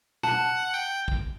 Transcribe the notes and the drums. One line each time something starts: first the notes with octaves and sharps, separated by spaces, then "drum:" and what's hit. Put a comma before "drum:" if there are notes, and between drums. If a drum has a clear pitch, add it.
F#5 A5, drum: tom
G5
drum: kick